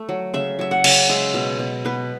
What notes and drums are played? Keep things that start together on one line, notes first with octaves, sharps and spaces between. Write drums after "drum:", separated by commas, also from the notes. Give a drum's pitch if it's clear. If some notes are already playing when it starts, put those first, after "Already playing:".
Already playing: A3
F#3
C#3 E5
F#3 E5
F#5
C#3, drum: cymbal
G#3 E5
B2
B2
B3 B4